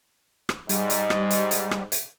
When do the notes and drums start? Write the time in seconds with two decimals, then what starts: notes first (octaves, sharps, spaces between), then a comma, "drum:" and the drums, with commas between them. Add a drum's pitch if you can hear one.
0.49 drum: rim click
0.69 G#2 G3 D#5, drum: hi-hat
0.90 drum: hi-hat
1.10 drum: rim click
1.30 drum: hi-hat
1.51 drum: hi-hat
1.71 drum: rim click
1.92 drum: hi-hat